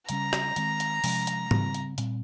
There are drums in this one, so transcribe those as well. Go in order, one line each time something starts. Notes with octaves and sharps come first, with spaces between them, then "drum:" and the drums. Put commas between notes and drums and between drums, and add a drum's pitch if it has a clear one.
C#3 G3 C#4 A#5, drum: hi-hat
drum: rim click
D#3 G#3 C4, drum: hi-hat
drum: hi-hat
C3 F3 G#3 C#4, drum: open hi-hat
drum: hi-hat
C#3 G3 C4, drum: tom G#2
drum: hi-hat
A#2 G3 C4, drum: hi-hat